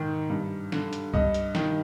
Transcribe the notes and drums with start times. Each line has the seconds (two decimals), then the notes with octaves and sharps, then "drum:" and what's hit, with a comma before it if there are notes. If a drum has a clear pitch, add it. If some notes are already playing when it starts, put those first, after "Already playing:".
Already playing: G#2 D#3
0.30 G2
0.72 D3, drum: snare
0.93 drum: hi-hat
1.14 G2 D#5, drum: kick C2
1.34 drum: hi-hat
1.55 D#3, drum: snare